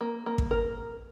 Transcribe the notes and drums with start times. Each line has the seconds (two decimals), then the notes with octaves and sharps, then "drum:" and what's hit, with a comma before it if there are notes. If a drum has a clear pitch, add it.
0.01 A#3
0.26 A#3
0.38 drum: kick
0.51 A#4